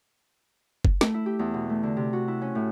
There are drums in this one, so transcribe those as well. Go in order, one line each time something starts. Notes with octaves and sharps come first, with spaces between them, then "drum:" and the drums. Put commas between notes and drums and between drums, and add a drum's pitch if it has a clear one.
drum: kick
A3, drum: snare
E4
G4
E2
B2
A3
D3
C3
F#4
E4
C#4
A2